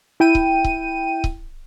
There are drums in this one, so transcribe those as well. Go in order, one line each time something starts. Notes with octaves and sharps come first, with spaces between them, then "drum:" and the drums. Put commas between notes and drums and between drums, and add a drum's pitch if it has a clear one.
E4 G5 D#7
drum: kick C#1
drum: kick C#1
drum: kick C#1